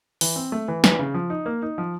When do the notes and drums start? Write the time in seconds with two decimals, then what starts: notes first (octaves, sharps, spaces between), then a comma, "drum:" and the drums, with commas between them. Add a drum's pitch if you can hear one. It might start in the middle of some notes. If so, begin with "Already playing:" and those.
0.21 E3, drum: open hi-hat
0.36 C4
0.52 A3
0.68 E3
0.84 E3, drum: snare
0.99 C#3
1.14 F3
1.30 D#4
1.46 A#3
1.62 D#4
1.78 F3